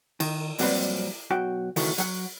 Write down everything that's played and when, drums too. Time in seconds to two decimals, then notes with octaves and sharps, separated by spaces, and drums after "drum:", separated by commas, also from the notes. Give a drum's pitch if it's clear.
0.20 D#3, drum: cymbal
0.58 F2 A#2 F#3 G3 C4 B4, drum: open hi-hat
1.30 B1 F#4 G5
1.76 C#2 D#3 E3 A3 F#4, drum: open hi-hat
1.98 F#3 F#5, drum: hi-hat